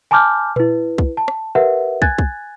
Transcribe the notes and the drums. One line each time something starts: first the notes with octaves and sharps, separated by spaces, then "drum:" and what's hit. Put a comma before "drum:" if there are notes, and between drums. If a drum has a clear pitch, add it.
G#5 A5 B5 D6 F6 G6
E4 B4, drum: tom A#2
drum: kick
A5
drum: rim click
G4 A#4 B4 E5 F#5
G#5 F#6 G#6 A6, drum: kick
drum: kick